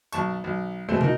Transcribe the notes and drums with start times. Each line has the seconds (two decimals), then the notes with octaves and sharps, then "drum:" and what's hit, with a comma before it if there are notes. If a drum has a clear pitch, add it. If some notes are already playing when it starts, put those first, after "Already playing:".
0.12 B1 A5 C#6, drum: tambourine
0.44 B1
0.89 B2 G#3 A3 B3 C4
1.01 D#4 F#4 A#4, drum: tom